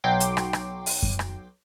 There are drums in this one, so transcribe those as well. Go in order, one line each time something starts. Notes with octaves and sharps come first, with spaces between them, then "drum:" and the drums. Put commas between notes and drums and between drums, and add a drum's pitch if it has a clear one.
B1 F#3 G5 C6 D6
drum: hi-hat
drum: rim click
drum: rim click
drum: open hi-hat
drum: kick F#2
drum: rim click